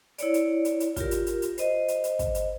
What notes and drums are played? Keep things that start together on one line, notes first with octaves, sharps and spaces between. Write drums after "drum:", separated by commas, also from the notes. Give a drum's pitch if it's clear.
E4 C#5 D5, drum: hi-hat
drum: hi-hat
drum: hi-hat
drum: hi-hat
F4 G4 A#4, drum: kick, hi-hat
drum: hi-hat
drum: hi-hat
drum: hi-hat
C5 D#5, drum: hi-hat
drum: hi-hat
drum: hi-hat
drum: kick, hi-hat
drum: hi-hat